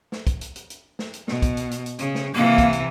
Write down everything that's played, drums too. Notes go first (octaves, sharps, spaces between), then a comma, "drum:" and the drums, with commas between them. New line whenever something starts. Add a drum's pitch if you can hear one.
drum: snare
drum: kick, hi-hat
drum: hi-hat
drum: hi-hat
drum: hi-hat
drum: snare
drum: hi-hat
B2, drum: snare
drum: kick, hi-hat
drum: hi-hat
drum: hi-hat
drum: hi-hat
C#3, drum: hi-hat
drum: snare
C3 E3 A#3
drum: kick, hi-hat
drum: hi-hat